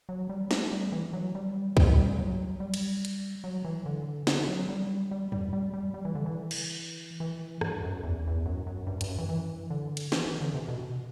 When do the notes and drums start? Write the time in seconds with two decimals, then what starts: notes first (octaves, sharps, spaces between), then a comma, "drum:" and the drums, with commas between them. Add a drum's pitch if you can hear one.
0.09 F#3
0.29 G3
0.51 A3, drum: snare
0.72 G3
0.92 E3
1.13 F#3
1.35 G3
1.77 G3, drum: kick
1.98 G3
2.18 F#3
2.60 G3
2.74 drum: cymbal
3.05 drum: hi-hat
3.44 F#3
3.65 E3
3.86 D3
4.27 D3, drum: snare
4.48 F#3
4.69 G3
5.11 G3
5.32 G3, drum: tom E2
5.53 G3
5.73 G3
5.94 G3
6.05 E3
6.15 D3
6.26 E3
6.51 drum: cymbal
7.20 E3
7.61 G2, drum: rim click
7.83 F#2
8.03 E2
8.27 E2
8.45 F#2
8.66 F#2
8.87 G2
9.01 G2, drum: hi-hat
9.08 F#2
9.18 E3
9.29 E3
9.70 D3
9.97 drum: cymbal
10.12 E3, drum: snare
10.26 E3
10.41 D3
10.54 C3
10.68 B2